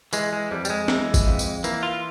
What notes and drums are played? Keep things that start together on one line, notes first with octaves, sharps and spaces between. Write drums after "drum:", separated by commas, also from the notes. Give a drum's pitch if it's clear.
E3 G#3, drum: tambourine
G#3
F2 G3
G3, drum: tambourine
G#3
E3, drum: snare
drum: kick, tambourine
F2
drum: tambourine
E3 A#3, drum: tambourine
F4